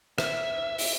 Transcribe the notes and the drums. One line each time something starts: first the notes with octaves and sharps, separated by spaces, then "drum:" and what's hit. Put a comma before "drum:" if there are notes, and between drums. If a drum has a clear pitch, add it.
E5, drum: rim click
drum: open hi-hat